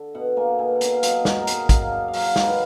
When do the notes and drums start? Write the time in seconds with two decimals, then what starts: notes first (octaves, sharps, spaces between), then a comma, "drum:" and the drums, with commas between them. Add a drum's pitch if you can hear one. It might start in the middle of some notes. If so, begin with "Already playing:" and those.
Already playing: D3
0.15 B2 F#5
0.37 A#3 G#5
0.59 B2 G#5
0.75 F#5
0.81 B2, drum: hi-hat
0.92 F5
1.03 F#3, drum: hi-hat
1.09 D#5
1.25 F#3 F#4, drum: snare
1.36 A#4
1.42 G#4
1.47 D#3, drum: hi-hat
1.58 F#5
1.69 F#3, drum: kick, hi-hat
1.75 F5
1.91 D4
2.08 F5
2.14 F#3, drum: open hi-hat
2.25 F5
2.36 D#3, drum: snare
2.41 B4